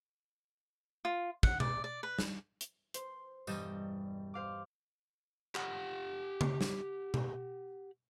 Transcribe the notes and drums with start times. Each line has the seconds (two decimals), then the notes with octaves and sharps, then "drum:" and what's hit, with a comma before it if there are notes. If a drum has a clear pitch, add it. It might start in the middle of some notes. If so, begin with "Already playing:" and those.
1.05 F4
1.43 F#5, drum: kick
1.60 D5, drum: tom B2
1.84 D5
2.03 B4
2.19 drum: snare
2.61 drum: hi-hat
2.94 C5, drum: hi-hat
3.47 E1 G2 G3 D#5 G6 E7, drum: tambourine
4.34 C5 F5 D6
5.55 G4 F#5, drum: clap
6.41 drum: tom C#3
6.61 drum: snare
7.14 drum: tom B2